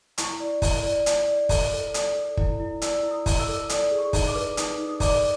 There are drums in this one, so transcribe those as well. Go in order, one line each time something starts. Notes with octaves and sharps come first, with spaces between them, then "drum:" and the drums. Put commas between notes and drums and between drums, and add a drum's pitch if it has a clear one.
E4 C#6, drum: hi-hat
D5
E4, drum: kick, open hi-hat
D5
D5, drum: hi-hat
D5
A4, drum: kick, open hi-hat
A4
D5 D#6, drum: hi-hat
A4
E4, drum: kick
E4
D5 E6, drum: hi-hat
E4
D#6
E4, drum: kick, open hi-hat
E6
A4
D5 D#6, drum: hi-hat
G#4
C#6
D#4, drum: kick, open hi-hat
D6
B4
D#4 D#6, drum: hi-hat
D#4
D#6
D5 D6, drum: kick, open hi-hat